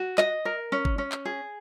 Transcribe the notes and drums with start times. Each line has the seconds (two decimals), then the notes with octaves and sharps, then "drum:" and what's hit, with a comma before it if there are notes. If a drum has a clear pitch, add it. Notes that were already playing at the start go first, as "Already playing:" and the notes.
Already playing: F#4
0.18 D#5, drum: clap
0.45 A#4
0.72 C#4
0.85 drum: kick G1
0.98 C#4
1.12 drum: clap
1.25 G#4